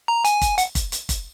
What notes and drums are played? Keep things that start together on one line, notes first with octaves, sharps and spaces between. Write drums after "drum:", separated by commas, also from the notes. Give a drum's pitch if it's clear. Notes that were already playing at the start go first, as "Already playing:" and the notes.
A#5
G#5, drum: hi-hat
drum: kick, hi-hat
F#5, drum: hi-hat
drum: kick, hi-hat
drum: hi-hat
drum: kick, hi-hat